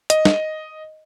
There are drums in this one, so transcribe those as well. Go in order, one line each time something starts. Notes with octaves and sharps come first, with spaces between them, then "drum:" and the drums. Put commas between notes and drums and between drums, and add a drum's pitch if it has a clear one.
D#5, drum: hi-hat
drum: snare